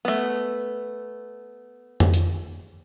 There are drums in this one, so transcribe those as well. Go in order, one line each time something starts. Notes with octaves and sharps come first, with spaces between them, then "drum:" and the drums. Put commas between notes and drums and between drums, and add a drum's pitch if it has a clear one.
A3 B3
drum: tom F2
drum: hi-hat